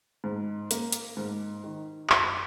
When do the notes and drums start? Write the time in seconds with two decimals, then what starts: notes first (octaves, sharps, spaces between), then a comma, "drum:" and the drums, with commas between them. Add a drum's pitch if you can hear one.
0.24 G#2
0.71 A#3, drum: hi-hat
0.92 drum: hi-hat
1.17 G#2
1.64 D#3
2.10 F#2, drum: clap